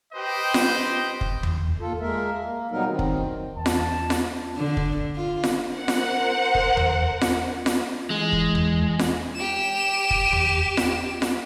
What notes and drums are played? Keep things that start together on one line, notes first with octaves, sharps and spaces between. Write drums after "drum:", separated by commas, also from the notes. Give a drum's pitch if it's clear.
G4 B4 C5 D#5 G5
drum: snare F4
drum: kick
drum: tom E2
D#2 F4 A4
G#3 A#3 A#4 E5
A#3
B2 F#3 G3 B3 D#4 A#4
D#3 C4
drum: kick
E2 A5
drum: snare F4
drum: snare F4
D3
drum: kick
F4
drum: snare F4
A#4 C5 F#5
drum: snare F4
drum: kick
drum: tom E2
drum: snare F4
drum: snare F4
E3 G#3
drum: kick
drum: tom E2
drum: snare F4
G4 E7
drum: kick
drum: tom E2
drum: snare F4
drum: snare F4